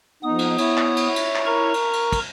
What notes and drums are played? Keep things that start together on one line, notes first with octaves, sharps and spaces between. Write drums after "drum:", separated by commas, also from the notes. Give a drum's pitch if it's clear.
F2 B3 D#4 D#6
drum: cymbal
E4 C#5, drum: cymbal
drum: clap
drum: cymbal
drum: cymbal
drum: clap
A#4 A#5 C#6
drum: cymbal
drum: cymbal
drum: kick, cymbal